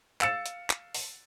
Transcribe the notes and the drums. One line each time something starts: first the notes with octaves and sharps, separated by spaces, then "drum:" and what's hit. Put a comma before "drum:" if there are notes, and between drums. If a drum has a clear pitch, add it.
F5 E6 A6 C#7 E7, drum: clap
drum: hi-hat
drum: clap
drum: open hi-hat